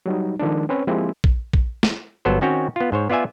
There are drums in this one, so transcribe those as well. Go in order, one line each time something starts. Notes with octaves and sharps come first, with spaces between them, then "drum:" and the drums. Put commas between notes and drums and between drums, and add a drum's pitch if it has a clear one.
F#3 G3 D#4
D#3 F3 G#3 D4
C4 C#4 B4 C#5
F3 G#3 A#3 C4 E4 G4
drum: kick
drum: kick
drum: snare
G1 F#3 B3 A4 C5
D#3 C4 C#4 F#4 C#5 G5
B3 F4
G#2 C5 C#5
B3 F4 D5 E5 G#5